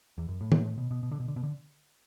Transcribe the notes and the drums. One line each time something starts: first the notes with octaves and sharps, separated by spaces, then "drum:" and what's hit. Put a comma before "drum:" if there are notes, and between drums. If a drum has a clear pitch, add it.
E2
F#2
A2
drum: tom D#3
B2
B2
B2
D3
B2
D3
B2
D3